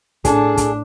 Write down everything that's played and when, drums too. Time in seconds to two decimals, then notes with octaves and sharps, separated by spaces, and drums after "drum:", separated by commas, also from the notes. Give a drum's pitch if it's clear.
0.25 A2 D4 G#4 A4, drum: kick, hi-hat
0.57 drum: kick, hi-hat